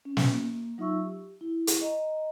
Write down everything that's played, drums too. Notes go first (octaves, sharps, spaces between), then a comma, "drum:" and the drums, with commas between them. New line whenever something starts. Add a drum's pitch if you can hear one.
C#4
drum: snare
A#3
F#3 D#4 F4 E5 C#6 E6
G4
E4
drum: hi-hat
D#5 A#5